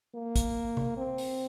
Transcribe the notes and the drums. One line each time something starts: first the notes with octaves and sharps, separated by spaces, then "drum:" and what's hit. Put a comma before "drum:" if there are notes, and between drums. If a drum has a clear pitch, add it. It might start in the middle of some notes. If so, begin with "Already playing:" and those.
A#3
drum: kick, hi-hat
drum: tom C3
C4
drum: open hi-hat